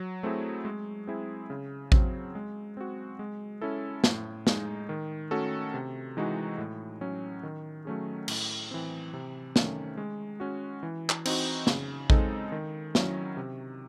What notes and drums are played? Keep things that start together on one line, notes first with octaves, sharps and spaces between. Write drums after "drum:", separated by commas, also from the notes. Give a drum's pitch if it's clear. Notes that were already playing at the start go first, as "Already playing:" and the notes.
Already playing: F#3
A3 C4 E4 G#4
G#3
C4 E4 G#4
C#3
F#3 C4, drum: kick A1
G#3
C4 F#4
G#3
C#4 E4 A4
A2, drum: snare
G#3 D#4, drum: snare
D#3
A3 C#4 F#4 A4
C3
E3 G#3 D#4 F#4
A2
F#3 C#4
D#3
F#3 A3 C#4 G#4
A2, drum: cymbal
E3 C4
C3
D#3 A3 C#4, drum: snare
G#3
C#4 F#4
E3
drum: clap
C4 D#4 F#4, drum: cymbal
C#3, drum: snare
G#3 C4 D#4 A4, drum: kick A1
D#3
F#3 C#4 E4, drum: snare
C3